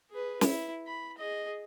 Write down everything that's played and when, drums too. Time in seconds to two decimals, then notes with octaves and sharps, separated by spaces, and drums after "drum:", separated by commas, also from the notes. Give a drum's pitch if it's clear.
0.11 G#4 B4
0.41 E4, drum: snare
0.87 B5
1.18 G#4 D#5